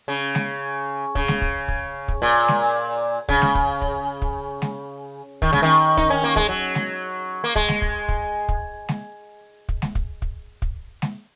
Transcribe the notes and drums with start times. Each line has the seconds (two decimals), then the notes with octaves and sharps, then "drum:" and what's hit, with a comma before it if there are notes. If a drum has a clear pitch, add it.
0.08 C#3
0.35 drum: snare G#3
1.15 C#3, drum: kick
1.28 drum: snare G#3
1.42 drum: kick
1.68 drum: kick
2.08 drum: kick
2.22 A#2
2.48 drum: snare G#3
3.29 C#3, drum: kick
3.42 drum: snare G#3
3.55 drum: kick
3.82 drum: kick
4.22 drum: kick
4.62 drum: snare G#3
5.42 D#3, drum: kick
5.53 C#3, drum: snare G#3
5.62 D#3
5.97 D#4, drum: kick
6.10 C#4
6.24 A#3
6.36 G#3, drum: kick
6.49 F#3
6.75 drum: snare G#3
7.44 A#3
7.56 G#3, drum: kick
7.69 drum: snare G#3
7.82 drum: kick
8.09 drum: kick
8.49 drum: kick
8.89 drum: snare G#3
9.69 drum: kick
9.82 drum: snare G#3
9.95 drum: kick
10.22 drum: kick
10.62 drum: kick
11.02 drum: snare G#3